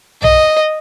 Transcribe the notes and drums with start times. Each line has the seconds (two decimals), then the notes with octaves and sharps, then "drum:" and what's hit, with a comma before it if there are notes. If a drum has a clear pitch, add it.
0.22 D#5, drum: tom B1